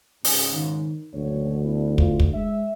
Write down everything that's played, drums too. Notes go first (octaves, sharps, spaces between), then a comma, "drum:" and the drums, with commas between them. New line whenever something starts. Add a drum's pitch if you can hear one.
G#1 G#2 C#3, drum: open hi-hat
D#3
F#1 D2 B2 C#5
B3 D4 E4
A2 F4, drum: kick
drum: kick
G#3 E5